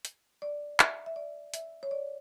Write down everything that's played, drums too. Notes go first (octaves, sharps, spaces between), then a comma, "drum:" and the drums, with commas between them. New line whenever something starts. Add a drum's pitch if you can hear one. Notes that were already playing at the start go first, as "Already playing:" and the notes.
drum: hi-hat
D5
E5, drum: clap
E5
D5
E5, drum: hi-hat
C#5
D5